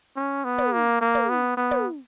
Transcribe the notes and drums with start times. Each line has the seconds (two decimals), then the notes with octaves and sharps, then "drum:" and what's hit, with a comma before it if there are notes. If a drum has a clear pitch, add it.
0.16 C#4
0.44 B3
0.58 drum: tom
0.72 A#3
1.01 A#3
1.15 drum: tom
1.29 B3
1.57 B3
1.71 drum: tom